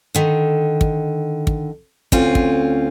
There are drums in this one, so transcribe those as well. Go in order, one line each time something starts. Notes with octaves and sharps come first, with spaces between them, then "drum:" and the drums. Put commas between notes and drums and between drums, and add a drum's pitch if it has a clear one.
D3 D#3
drum: kick
drum: kick
D2 C4 C#4 F4, drum: kick
drum: kick